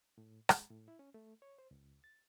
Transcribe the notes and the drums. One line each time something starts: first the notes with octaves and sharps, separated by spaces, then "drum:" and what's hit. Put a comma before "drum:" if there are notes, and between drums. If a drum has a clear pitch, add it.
A2
G#3, drum: rim click
A2
E4
C#4
A3
C#5
C5
C#2
A6